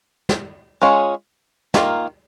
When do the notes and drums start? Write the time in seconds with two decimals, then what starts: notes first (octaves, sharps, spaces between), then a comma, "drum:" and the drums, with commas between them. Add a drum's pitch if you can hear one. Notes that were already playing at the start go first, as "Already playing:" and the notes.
0.29 drum: snare
0.82 G#3 C#4 F4 G#4 C#5
1.74 D#3 A#3 F4, drum: snare